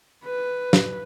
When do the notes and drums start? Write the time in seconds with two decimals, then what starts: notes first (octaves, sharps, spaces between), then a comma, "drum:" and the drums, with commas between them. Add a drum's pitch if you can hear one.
0.25 B4
0.73 drum: snare